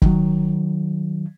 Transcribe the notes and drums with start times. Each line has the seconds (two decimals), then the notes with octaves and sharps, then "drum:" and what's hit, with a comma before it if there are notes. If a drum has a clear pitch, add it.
0.02 D#3 F#3, drum: kick